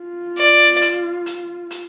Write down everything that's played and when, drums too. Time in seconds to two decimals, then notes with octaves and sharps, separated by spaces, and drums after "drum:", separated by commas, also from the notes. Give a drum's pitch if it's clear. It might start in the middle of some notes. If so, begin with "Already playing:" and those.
Already playing: F4
0.37 D5
0.82 drum: hi-hat
1.26 drum: hi-hat
1.71 drum: hi-hat